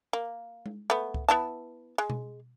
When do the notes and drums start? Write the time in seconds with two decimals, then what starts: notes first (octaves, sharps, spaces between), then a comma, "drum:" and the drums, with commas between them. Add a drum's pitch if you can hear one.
0.13 A#3
0.66 drum: tom G#3
0.90 A3 B3
1.14 drum: kick C#2
1.29 B3 E4 A5
1.98 G#3
2.10 drum: tom B2